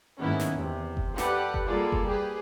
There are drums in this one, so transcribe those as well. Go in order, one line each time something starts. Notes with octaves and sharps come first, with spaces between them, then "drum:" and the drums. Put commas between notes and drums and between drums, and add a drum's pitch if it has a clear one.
G#2 D#3 A#3 B3 C#4 E4
drum: snare
E2 C3
drum: kick F#1
G4 A4 B4 D5 F#5, drum: snare
drum: kick F#1
G3 A#3 F4 G#4 A4 D5
drum: kick F#1
G4 G#4 B4